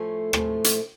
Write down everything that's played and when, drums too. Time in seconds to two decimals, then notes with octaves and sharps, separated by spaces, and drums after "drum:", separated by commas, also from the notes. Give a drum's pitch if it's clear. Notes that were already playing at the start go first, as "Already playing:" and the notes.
Already playing: A2 F3 A3 C#4
0.33 A2 F3 A3 C#4, drum: rim click
0.64 drum: hi-hat